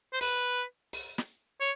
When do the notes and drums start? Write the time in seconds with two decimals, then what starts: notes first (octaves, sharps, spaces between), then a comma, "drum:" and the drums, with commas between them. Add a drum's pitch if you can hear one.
0.13 C5
0.21 B4, drum: open hi-hat
0.93 drum: open hi-hat
1.18 drum: snare
1.61 C#5